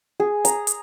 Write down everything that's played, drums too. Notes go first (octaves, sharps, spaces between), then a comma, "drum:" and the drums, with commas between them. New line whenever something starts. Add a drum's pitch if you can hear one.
G#4
A#5, drum: hi-hat
drum: hi-hat